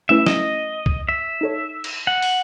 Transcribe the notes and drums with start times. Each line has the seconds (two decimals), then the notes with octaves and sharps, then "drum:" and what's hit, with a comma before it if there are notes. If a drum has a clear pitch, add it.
0.09 A3 C#4 E4 B4 E5
0.27 D#5, drum: snare
0.86 drum: kick C#2
1.09 E5
1.41 D#4 A4 C#5
1.84 drum: cymbal
2.07 F#5
2.22 drum: open hi-hat